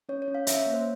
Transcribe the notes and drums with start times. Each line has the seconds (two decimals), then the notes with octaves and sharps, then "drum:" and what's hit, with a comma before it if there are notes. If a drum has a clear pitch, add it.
0.09 C#4 C#5
0.22 C#5
0.28 C#4
0.35 F5
0.47 C#4 E5, drum: hi-hat
0.61 C#5
0.66 A#3
0.73 C5